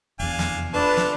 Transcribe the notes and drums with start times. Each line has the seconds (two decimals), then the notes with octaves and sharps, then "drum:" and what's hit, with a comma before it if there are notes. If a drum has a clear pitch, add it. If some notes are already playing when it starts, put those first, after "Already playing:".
0.19 F1 E2 D4 F5 G#5
0.39 drum: snare
0.73 A3 D4 F4 B4 A5
0.97 drum: snare